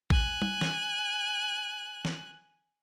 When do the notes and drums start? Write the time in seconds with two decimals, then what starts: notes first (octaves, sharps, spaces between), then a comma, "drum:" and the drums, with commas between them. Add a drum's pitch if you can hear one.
0.10 G#5 F#6, drum: kick A1
0.42 drum: tom G3
0.61 drum: snare
2.05 drum: snare